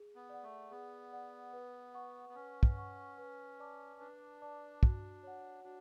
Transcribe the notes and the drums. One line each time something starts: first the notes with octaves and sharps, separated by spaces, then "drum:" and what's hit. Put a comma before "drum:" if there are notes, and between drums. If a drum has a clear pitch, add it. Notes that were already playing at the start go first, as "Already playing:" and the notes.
Already playing: G#4
B3
D5 F#5
A3
B3 G#4
D5 F#5
B4
F#5 C#6
B3
C#4 B4
drum: kick
F#5 C#6
B4
D5 A5 D6
D4 B4
D5 A5 D6
F#4, drum: kick
C#5 F#5
D4 F#4